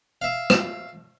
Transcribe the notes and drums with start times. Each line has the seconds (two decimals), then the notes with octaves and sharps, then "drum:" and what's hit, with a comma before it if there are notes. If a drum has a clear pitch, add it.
0.22 E5 F5
0.50 drum: rim click